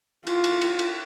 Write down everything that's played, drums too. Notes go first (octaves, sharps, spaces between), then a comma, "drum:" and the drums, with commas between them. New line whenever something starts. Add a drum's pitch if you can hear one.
F4, drum: cymbal
drum: cymbal
drum: cymbal
drum: cymbal